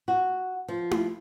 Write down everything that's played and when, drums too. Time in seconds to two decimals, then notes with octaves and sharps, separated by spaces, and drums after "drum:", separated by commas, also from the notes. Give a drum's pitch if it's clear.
0.08 F#4
0.68 F3
0.91 drum: tom E4